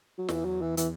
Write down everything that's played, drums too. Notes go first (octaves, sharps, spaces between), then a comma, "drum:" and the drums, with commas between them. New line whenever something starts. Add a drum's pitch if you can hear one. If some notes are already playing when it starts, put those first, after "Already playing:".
F#3
E2 E3, drum: snare
F#3
E3
E3, drum: hi-hat